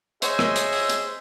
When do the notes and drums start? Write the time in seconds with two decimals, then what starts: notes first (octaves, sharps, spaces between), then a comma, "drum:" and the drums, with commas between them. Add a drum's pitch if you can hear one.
0.22 G#4 C5 C#5 D#5 E5, drum: hi-hat
0.39 drum: rim click
0.56 drum: hi-hat
0.73 drum: open hi-hat
0.89 drum: hi-hat